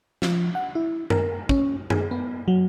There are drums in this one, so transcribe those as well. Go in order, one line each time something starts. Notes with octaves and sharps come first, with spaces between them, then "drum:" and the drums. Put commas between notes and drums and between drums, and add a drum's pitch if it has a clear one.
F3, drum: snare
F#5
E4
A#4, drum: tom F#2
C#4, drum: kick
G#4, drum: tom F#2
B3
F#3